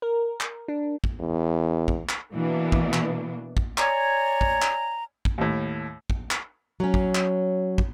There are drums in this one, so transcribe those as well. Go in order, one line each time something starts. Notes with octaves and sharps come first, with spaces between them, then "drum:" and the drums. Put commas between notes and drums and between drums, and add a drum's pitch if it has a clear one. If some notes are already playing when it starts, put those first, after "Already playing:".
A#4
drum: clap
D4
drum: kick
E2
drum: kick
drum: clap
B2 E3 A#3 B3 D4
drum: kick
drum: clap
drum: kick
C#5 D5 G#5 A#5, drum: clap
drum: kick
drum: clap
drum: kick
D#2 A2
drum: kick
drum: clap
F#3 C#4
drum: kick
drum: clap
drum: kick